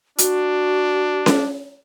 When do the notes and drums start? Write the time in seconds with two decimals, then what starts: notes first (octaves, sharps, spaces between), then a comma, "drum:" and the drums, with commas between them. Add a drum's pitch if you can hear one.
0.18 D4 F#4, drum: hi-hat
1.26 drum: snare C#4